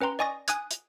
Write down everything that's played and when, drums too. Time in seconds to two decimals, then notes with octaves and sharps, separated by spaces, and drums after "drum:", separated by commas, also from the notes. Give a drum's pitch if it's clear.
0.01 C#4 B4 G5 A#5 C6
0.19 D5 D#5 G#5 C#6 D#6 A#6
0.48 G#5 D#6 F#6 G#6, drum: hi-hat
0.71 drum: hi-hat